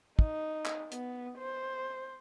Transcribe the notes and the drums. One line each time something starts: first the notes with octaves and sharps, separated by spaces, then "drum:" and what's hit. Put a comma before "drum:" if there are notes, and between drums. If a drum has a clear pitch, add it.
D#4, drum: kick
drum: clap
B3, drum: hi-hat
C5